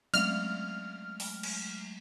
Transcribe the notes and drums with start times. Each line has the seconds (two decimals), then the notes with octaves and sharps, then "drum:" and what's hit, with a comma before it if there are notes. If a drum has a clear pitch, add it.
0.14 F#3 G#3 A3 F6, drum: cymbal
1.20 drum: open hi-hat
1.43 drum: cymbal